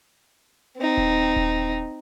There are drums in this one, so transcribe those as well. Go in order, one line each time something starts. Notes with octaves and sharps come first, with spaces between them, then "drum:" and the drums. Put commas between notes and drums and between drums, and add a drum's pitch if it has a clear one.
C4 D#4
drum: kick D#1
drum: kick D#1